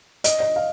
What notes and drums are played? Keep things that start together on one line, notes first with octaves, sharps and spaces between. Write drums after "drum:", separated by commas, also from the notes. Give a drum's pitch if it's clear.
D#5, drum: hi-hat
D#5
F5